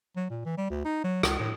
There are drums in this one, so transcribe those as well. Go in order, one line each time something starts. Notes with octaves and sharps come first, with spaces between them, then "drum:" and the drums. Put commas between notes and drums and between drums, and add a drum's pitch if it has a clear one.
F#3
A#2
E3
G3
D2
D#4
F#3
C#2, drum: rim click
A2